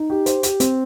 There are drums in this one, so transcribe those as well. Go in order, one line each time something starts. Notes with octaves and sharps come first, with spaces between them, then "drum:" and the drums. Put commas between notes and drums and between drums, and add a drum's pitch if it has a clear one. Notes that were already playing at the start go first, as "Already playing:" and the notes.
Already playing: D#4
G4
C5, drum: hi-hat
G4, drum: hi-hat
C4, drum: hi-hat